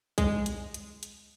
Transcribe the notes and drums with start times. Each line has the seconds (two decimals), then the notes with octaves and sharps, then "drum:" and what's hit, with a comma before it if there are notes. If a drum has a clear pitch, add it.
0.18 G#3, drum: kick B1, hi-hat
0.46 drum: hi-hat
0.74 drum: hi-hat
1.03 drum: hi-hat